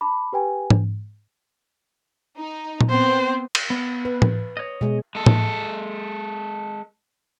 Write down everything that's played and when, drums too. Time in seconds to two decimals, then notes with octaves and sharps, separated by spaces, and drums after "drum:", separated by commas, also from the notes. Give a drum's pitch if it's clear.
0.01 A5 B5 D6
0.33 G4 B4 G5 G#5
0.70 drum: tom G#2
2.38 D#4
2.81 drum: tom A#2
2.90 B3 C4 C5
3.55 drum: cymbal
3.70 B3
4.05 B4
4.22 drum: tom A2
4.57 C#5 D#5
4.81 B2 G#3
5.15 G#3 A4
5.26 drum: tom A2